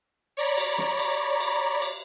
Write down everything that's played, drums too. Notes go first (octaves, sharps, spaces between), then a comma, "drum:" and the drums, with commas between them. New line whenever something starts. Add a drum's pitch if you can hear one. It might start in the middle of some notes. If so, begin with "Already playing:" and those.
C#5 D5 A#5 B5
drum: cymbal
drum: snare
drum: cymbal
drum: cymbal
drum: cymbal